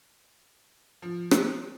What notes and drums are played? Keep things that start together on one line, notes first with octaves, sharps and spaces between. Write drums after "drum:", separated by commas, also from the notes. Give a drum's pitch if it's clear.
F3
drum: rim click